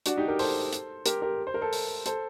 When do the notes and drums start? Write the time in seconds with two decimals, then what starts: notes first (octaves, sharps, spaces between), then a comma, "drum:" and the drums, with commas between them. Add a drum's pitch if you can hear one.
0.06 D4 F#4, drum: hi-hat
0.17 D#4 G4
0.28 G4 A#4
0.39 A4 C5, drum: open hi-hat
0.73 drum: hi-hat
1.06 G4 A#4, drum: hi-hat
1.22 G4 A#4
1.47 C5
1.54 A#4
1.61 A4 C5
1.73 drum: open hi-hat
2.06 A4 C5, drum: hi-hat